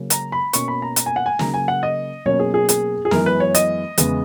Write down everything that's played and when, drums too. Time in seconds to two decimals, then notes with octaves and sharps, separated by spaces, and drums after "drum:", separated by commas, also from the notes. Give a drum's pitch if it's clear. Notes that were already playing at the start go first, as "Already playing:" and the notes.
Already playing: C#3 F#3 A#3 C#4
0.10 A#5, drum: hi-hat
0.32 B5
0.53 B2 A#3 C#4 C#6, drum: hi-hat
0.68 B5
0.82 A#5
0.96 A#5, drum: hi-hat
1.06 G#5
1.16 F#5
1.26 G#5
1.39 C#3 F#3 A#3 A#5, drum: snare
1.54 G#5
1.68 F#5
1.83 D#5
2.25 B2 F#3 A#3 C#4 C#5
2.39 G#4
2.54 G#4
2.69 G#4, drum: hi-hat
3.05 G#4
3.11 F#2 E3 G#3 B3 A#4, drum: snare
3.26 B4
3.40 C#5
3.55 D#5, drum: hi-hat
3.98 E2 C#3 G#3 B3, drum: hi-hat